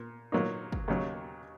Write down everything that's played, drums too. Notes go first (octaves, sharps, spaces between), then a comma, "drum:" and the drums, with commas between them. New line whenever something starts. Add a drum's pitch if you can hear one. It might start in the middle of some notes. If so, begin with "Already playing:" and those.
Already playing: A#2
A#2 F#3 A#3 D#4
drum: kick
D#2 C#3 F#3